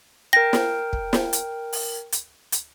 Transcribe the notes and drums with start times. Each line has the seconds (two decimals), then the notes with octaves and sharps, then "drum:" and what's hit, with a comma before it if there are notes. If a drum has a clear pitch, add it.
0.33 A#4 G5 A#6
0.53 drum: snare
0.93 drum: kick
1.13 drum: snare
1.33 drum: hi-hat
1.73 drum: open hi-hat
2.12 drum: hi-hat
2.52 drum: hi-hat